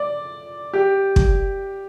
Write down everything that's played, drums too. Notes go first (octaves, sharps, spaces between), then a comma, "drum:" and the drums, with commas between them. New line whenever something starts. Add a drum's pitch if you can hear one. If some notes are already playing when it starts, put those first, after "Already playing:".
Already playing: D5
G4
drum: kick